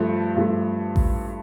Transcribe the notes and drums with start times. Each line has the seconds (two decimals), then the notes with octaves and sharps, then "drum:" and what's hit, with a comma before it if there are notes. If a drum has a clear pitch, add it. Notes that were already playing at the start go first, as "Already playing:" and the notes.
Already playing: G2 F3 A3
0.36 G2 F3 A3
0.96 drum: kick A1